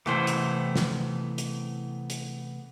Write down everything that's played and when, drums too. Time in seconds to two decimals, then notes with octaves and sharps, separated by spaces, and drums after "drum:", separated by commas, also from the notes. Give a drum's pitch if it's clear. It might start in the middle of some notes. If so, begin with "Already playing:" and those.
0.06 C3 E3 A3 B3 E4 C5, drum: rim click
0.27 drum: hi-hat
0.76 drum: snare
1.38 drum: hi-hat
2.10 drum: hi-hat